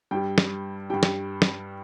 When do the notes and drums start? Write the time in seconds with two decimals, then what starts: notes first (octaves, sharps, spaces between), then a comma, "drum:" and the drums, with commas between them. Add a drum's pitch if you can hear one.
0.11 G2 G3 G5
0.38 drum: snare
0.90 G2 G3 G5
1.03 drum: snare
1.42 drum: snare